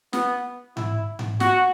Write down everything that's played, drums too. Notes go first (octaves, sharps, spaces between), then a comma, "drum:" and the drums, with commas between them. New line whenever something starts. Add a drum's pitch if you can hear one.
B3, drum: snare
E4, drum: tom G#2
drum: tom G#2
F#4, drum: snare